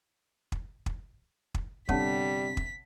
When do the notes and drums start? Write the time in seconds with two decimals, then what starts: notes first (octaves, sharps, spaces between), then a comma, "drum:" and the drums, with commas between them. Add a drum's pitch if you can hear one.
0.52 drum: kick
0.86 drum: kick
1.54 drum: kick
1.89 G1 C3 G3 D4 C#5 F#5 A5 B6, drum: kick
2.57 drum: kick